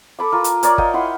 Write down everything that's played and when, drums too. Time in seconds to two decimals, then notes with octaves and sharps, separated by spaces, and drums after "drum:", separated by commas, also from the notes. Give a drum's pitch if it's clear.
0.19 A4 B5 D6
0.32 F4 A#4
0.44 drum: hi-hat
0.63 A#4 C#5 D5, drum: hi-hat
0.78 D#5 F5 G5 G#5, drum: kick
0.94 E4 F#5 C6